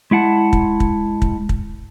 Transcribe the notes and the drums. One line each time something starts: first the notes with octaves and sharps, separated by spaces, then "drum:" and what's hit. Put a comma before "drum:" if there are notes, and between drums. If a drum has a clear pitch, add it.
G#3 E4 F#5 A5
drum: kick
drum: kick
drum: kick
drum: kick